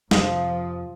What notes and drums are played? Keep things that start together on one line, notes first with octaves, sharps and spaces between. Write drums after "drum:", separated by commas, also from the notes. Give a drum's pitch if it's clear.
F2 C3 F3 F4 D#6, drum: snare